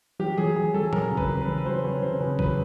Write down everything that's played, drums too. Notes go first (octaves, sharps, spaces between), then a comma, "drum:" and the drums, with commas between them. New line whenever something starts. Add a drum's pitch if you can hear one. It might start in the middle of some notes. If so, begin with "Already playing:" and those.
F#3 G4
F#3 G#4
F#3 G#4
F#3 A4
F#3 A#4, drum: tom
C#3
B4, drum: kick
C#3
B4
F#3
B4
F#3 C5
C#3 C#5
C#3 C5
C#3 B4
F#3 B4, drum: kick